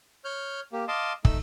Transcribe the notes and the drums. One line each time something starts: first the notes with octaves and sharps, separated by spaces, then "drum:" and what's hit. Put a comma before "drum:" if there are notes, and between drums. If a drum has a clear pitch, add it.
C#5 F6 G6
A#3 G4
D#5 F5 A5 C6 D6 D#6
A3 D#4 E6, drum: kick